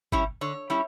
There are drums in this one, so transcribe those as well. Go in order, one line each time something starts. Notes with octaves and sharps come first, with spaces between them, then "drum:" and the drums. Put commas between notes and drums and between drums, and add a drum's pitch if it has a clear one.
G3 C#4 E4, drum: kick
D3 C#5
G3 C#4 E4